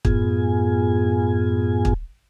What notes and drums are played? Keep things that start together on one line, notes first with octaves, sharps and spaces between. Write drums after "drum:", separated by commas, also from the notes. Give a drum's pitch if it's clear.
F#2 A2 B3 F4 G#4 G#5, drum: kick
drum: kick